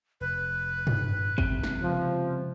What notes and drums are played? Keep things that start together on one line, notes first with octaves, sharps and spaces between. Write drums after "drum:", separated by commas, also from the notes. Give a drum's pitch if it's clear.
F1 B4
drum: tom
F#2 C3 F3 G#3, drum: kick
drum: snare
C#3 F3 G#3